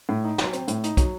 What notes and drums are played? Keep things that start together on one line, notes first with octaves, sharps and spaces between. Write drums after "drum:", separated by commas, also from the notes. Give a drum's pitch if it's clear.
A2
D#4
F#3, drum: snare
C4, drum: hi-hat
A2, drum: hi-hat
D#4, drum: hi-hat
F#3, drum: kick, hi-hat